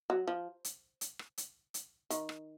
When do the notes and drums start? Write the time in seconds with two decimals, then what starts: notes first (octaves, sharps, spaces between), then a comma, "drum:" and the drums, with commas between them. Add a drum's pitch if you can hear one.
0.10 F#3
0.27 F3
0.64 drum: hi-hat
1.01 drum: hi-hat
1.19 drum: rim click
1.38 drum: hi-hat
1.74 drum: hi-hat
2.10 D#3, drum: hi-hat
2.29 drum: rim click